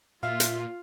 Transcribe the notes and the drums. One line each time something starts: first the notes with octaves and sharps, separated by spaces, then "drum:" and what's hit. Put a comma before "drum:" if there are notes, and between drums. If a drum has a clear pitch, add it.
A#2 F4 E5 F5
drum: hi-hat